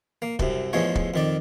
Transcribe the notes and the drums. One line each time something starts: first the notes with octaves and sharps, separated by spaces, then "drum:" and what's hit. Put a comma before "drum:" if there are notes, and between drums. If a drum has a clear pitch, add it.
A#3
C2 F#2 C3, drum: kick
A1 E2 F3 G#3 C#5
drum: kick
F2 D#3 D5